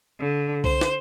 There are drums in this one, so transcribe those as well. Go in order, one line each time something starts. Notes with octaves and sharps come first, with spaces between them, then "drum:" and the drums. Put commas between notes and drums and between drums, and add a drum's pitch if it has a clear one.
D3
C5, drum: kick C2
drum: snare